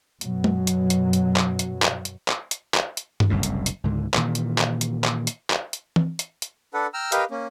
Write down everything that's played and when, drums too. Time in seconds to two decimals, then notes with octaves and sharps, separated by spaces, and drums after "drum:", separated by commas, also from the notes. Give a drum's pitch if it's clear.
0.21 F#2 B2 F#3, drum: hi-hat
0.44 drum: tom
0.67 drum: hi-hat
0.90 drum: hi-hat
1.13 drum: hi-hat
1.36 drum: clap
1.59 drum: hi-hat
1.82 drum: clap
2.05 drum: hi-hat
2.28 drum: clap
2.51 drum: hi-hat
2.74 drum: clap
2.97 drum: hi-hat
3.20 drum: tom G2
3.30 F#1 C2 F#2 A2
3.43 drum: hi-hat
3.66 drum: hi-hat
3.84 C#2 G#2 D3
4.14 A#2 D#3 E3, drum: clap
4.35 drum: hi-hat
4.58 drum: clap
4.81 drum: hi-hat
5.04 drum: clap
5.27 drum: hi-hat
5.50 drum: clap
5.73 drum: hi-hat
5.96 drum: tom
6.19 drum: hi-hat
6.42 drum: hi-hat
6.74 D4 A4 B4 F#5
6.94 G5 A#5 E6 F6
7.12 G4 A#4 B4 D#5 F5 G5, drum: hi-hat
7.31 A#3 C#4